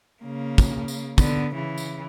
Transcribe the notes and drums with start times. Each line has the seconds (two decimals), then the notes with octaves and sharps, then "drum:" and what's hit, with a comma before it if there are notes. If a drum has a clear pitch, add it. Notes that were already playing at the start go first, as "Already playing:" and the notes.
0.23 C#3 A#3
0.58 drum: kick, tambourine
0.88 drum: tambourine
1.18 D3 B3, drum: kick, tambourine
1.54 C#3 E3
1.78 drum: tambourine